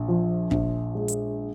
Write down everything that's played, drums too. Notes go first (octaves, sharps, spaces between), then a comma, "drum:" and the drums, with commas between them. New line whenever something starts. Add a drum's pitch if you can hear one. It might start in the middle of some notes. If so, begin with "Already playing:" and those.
Already playing: A#1
F3
A#1, drum: kick
G#3
drum: hi-hat